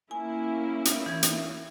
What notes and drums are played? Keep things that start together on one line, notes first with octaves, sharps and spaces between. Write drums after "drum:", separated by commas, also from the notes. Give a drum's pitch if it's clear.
A#3 C#4 E4 G#5
drum: hi-hat
E3 G#6
drum: hi-hat